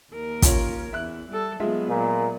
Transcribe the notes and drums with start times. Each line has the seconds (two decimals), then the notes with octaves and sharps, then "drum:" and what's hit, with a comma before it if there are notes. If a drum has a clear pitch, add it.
0.13 D#2 A#4
0.42 C#4 F4, drum: kick, hi-hat
0.93 E2 E5 F#6
1.31 G3 A4
1.60 F#3 G#3 B3 F4 E5
1.89 A#2